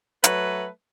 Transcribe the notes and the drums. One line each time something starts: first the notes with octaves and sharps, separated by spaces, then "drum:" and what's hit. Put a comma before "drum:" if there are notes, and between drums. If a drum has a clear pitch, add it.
F#3 A3 B4, drum: hi-hat